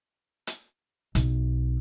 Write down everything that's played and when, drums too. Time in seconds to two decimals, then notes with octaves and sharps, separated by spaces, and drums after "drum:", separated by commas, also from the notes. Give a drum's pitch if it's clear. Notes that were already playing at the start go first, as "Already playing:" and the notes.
0.47 drum: hi-hat
1.15 B1, drum: hi-hat